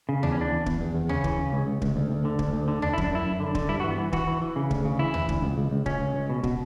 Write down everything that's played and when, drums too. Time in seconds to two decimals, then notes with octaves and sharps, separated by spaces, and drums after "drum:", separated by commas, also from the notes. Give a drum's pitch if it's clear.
0.09 C#3
0.23 E2 D4, drum: tom
0.32 C#4
0.37 E3 D4
0.51 E2
0.66 E2, drum: kick
0.81 E2
0.94 E2
1.09 C#3 C#4, drum: tom
1.24 E3, drum: kick
1.38 C#3
1.53 C#2
1.67 C#2
1.82 C#2, drum: kick
1.96 D2
2.10 D2
2.25 D3
2.39 D2, drum: kick
2.53 D2
2.68 D3
2.82 D3 D4, drum: tom
2.93 E4
2.98 F#2, drum: kick
3.04 D4
3.11 F#2 E4
3.26 F#2
3.40 D3
3.55 D3, drum: kick
3.69 G2 E4
3.80 F#4
3.84 E3
3.91 B3
3.98 E3
4.13 E3 F#4, drum: kick
4.27 E3
4.41 E3
4.56 C#3
4.71 D2, drum: kick
4.85 C#3
4.99 E3 E4
5.14 E3, drum: tom
5.29 D2, drum: kick
5.42 C#2
5.58 C#2
5.71 C#2
5.86 C#2 C#4, drum: kick
6.00 C#2
6.15 C#2
6.30 B2
6.43 B2, drum: kick